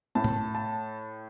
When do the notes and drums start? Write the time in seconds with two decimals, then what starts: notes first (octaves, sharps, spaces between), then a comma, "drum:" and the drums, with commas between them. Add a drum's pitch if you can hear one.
0.15 A2 A5
0.24 drum: tom A2
0.55 A5